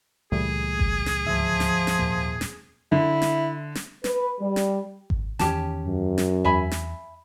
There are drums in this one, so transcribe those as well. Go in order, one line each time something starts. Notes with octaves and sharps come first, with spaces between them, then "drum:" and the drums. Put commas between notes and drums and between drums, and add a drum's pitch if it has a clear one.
C#2 A#2 C#3 E3 G3 A3 G#4
drum: kick G#1
drum: snare
D2 G#2 F3 E5
drum: snare
drum: snare
D#2 A#2
drum: snare
D3 E4
drum: snare
drum: snare
B4, drum: snare
G3
drum: snare
drum: kick G#1
E2 D#3 C#4 G4 A5, drum: snare
F#2
drum: snare
E2 E5 G#5 B5
drum: snare